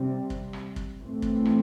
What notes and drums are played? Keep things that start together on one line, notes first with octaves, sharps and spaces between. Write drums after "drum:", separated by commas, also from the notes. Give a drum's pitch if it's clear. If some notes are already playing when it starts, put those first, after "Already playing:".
Already playing: C3 G3 C4
drum: kick
drum: rim click
drum: kick
A2 E3 A3 C4
drum: kick
drum: rim click